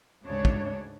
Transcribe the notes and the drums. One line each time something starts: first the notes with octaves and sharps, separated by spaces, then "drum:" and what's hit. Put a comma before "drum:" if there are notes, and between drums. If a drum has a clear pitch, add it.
D2 G#2 C#3 D4 C#5
drum: kick